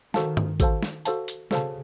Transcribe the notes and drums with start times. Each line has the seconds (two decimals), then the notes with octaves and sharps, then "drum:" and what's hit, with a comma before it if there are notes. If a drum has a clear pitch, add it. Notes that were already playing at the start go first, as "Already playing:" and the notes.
0.14 D#3 F#4 A4 C5 F5 A5, drum: snare
0.37 drum: tom G2
0.60 F#4 A4 C5 F5 A5, drum: kick, hi-hat
0.83 drum: snare
1.05 F#4 A4 C5 F5 A5, drum: hi-hat
1.28 drum: hi-hat
1.51 C#3 F#4 A4 C5 F5 A5, drum: snare